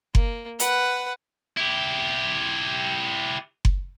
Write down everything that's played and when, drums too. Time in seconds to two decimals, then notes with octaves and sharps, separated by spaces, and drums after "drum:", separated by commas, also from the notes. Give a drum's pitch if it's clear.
0.15 A#3, drum: kick F#1
0.60 B4 F#5, drum: hi-hat
1.57 E4 G4
3.65 drum: kick F#1